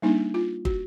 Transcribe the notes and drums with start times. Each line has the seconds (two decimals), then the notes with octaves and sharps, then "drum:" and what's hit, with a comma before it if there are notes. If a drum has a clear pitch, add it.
0.02 G3 A#3 D4 D#4
0.34 F4
0.65 F#4, drum: kick